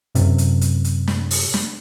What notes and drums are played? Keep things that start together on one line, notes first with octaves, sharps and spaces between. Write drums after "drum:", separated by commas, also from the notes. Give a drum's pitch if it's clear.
F#2 C3, drum: hi-hat
drum: hi-hat
drum: hi-hat
drum: hi-hat
drum: snare
drum: open hi-hat
drum: snare